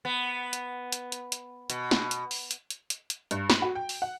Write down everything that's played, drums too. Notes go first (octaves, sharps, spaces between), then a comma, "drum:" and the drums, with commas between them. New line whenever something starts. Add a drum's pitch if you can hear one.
B3
drum: hi-hat
drum: hi-hat
drum: hi-hat
drum: hi-hat
B2, drum: hi-hat
drum: snare
drum: hi-hat
drum: open hi-hat
drum: hi-hat
drum: hi-hat
drum: hi-hat
drum: hi-hat
G2, drum: hi-hat
B5, drum: snare
F#4
G5
drum: open hi-hat
F#5